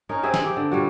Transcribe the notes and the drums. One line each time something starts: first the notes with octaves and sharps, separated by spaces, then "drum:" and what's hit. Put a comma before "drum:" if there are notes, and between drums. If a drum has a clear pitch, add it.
C#4 D#4 A#4
C4 G#4 E5
drum: snare
G4
D3
A#2 G3 F#4